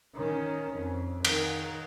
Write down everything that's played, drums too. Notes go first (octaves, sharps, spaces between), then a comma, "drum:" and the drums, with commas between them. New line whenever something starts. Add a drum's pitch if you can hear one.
D#3 C#4
F2
D#3, drum: cymbal